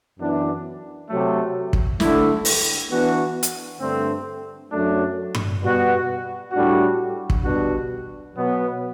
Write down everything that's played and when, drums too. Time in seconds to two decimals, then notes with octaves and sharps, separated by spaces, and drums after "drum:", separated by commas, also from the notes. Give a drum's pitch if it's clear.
0.18 F#2 E3 B3 D4
1.09 C3 F#3 A3
1.73 drum: kick
2.00 D3 A3 E4, drum: snare
2.45 drum: open hi-hat
2.90 E3 B3 D4 F#4
3.43 drum: hi-hat
3.81 G2 D3 A3 C4
4.72 F#2 F#3 A3 D4
5.35 drum: tom G2
5.62 B2 G3 B3 F#4
6.52 A2 G3 D4 F#4
7.30 drum: kick
7.44 B2 G3 D4 F#4
8.35 B2 F#3 B3